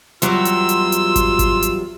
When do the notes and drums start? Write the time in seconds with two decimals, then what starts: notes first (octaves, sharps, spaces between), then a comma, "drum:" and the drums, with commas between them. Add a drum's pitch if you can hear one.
0.22 E2 F#3 G3 F4 C6 E6, drum: hi-hat
0.45 drum: hi-hat
0.69 drum: hi-hat
0.92 drum: hi-hat
1.16 drum: kick G#1, hi-hat
1.39 drum: kick G#1, hi-hat
1.62 drum: hi-hat